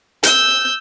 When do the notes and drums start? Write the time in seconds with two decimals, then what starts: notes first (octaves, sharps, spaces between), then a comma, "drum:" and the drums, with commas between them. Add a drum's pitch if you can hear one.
0.23 E6 G6, drum: hi-hat